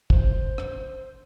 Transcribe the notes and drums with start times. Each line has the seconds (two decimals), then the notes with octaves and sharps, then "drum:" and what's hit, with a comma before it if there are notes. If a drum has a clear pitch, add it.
0.10 C5, drum: kick
0.58 drum: rim click